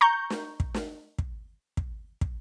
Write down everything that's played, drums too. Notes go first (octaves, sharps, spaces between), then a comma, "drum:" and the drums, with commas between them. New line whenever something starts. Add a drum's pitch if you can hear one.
A#5 C#6 G6
drum: snare
drum: kick
drum: snare
drum: kick
drum: kick
drum: kick